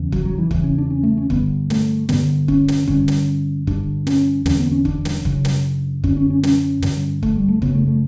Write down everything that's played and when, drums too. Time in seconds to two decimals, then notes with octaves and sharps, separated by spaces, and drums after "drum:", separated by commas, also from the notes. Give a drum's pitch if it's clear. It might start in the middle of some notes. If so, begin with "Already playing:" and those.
Already playing: E2 C#3
0.12 F#3, drum: kick
0.25 F#3
0.38 E3
0.51 E2 C#3 E3, drum: kick
0.64 C#4
0.78 D4
0.90 C#4
1.03 A3
1.17 C#4
1.30 G2 D3 B3, drum: kick
1.70 A3, drum: snare
2.09 G2 D3 B3, drum: snare
2.48 C#4, drum: kick
2.68 drum: snare
2.88 G2 D3 C#4, drum: kick
3.08 drum: snare
3.67 G2 D3 D4, drum: kick
4.07 C#4, drum: snare
4.46 E2 D3 C#4, drum: snare
4.59 B3
4.72 C#4
4.85 D4, drum: kick
5.05 drum: snare
5.25 F#2 C#3, drum: kick
5.45 drum: snare
6.04 F#2 D3 C#4, drum: kick
6.17 C#4
6.30 C#4
6.43 C#4, drum: snare
6.82 G2 D3, drum: snare
7.23 A3, drum: kick
7.36 G3
7.48 A3
7.62 F#2 C#3 B3, drum: kick
7.75 A3
7.88 A3